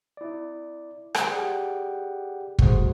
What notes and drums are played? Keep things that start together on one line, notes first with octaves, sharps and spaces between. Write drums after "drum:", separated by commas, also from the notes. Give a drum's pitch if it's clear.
E4 D5
drum: rim click
G4 G#4 D5 F#5 G5
E2 G3 A3 F#4 G#4 C5, drum: kick